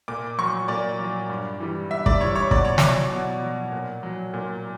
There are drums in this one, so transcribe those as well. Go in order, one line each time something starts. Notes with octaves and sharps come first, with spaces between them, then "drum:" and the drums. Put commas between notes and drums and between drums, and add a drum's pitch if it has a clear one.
A#2 D6
F#3 C#6
A#2 D5
F#3
G2
E3 G3
G2 E5
D5, drum: kick
E3 G3 C#5
C#5
B2 D5, drum: kick
C#5
F#3 D5, drum: snare
B2
F#3
A#2
F#3
A#2